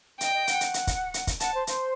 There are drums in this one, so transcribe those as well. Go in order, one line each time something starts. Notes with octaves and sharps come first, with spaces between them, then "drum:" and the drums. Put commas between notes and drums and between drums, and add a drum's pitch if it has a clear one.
D#5 G5, drum: hi-hat
D#5
F#5, drum: hi-hat
drum: hi-hat
drum: hi-hat
drum: kick, hi-hat
drum: hi-hat
drum: kick, hi-hat
F#5 A5, drum: hi-hat
C5
C5, drum: hi-hat